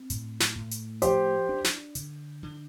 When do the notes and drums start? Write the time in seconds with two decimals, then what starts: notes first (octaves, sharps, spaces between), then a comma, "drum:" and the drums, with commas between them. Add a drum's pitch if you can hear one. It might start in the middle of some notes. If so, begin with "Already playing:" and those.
Already playing: C4
0.10 A2, drum: hi-hat
0.40 drum: snare
0.55 A2
0.71 drum: hi-hat
1.02 F3 G4 C5, drum: hi-hat
1.49 D4
1.64 drum: snare
1.95 D3, drum: hi-hat
2.43 D3